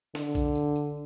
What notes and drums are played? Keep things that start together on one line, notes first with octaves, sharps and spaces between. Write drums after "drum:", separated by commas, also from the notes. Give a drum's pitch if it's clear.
D3, drum: snare
drum: kick A#1, tambourine
drum: tambourine
drum: tambourine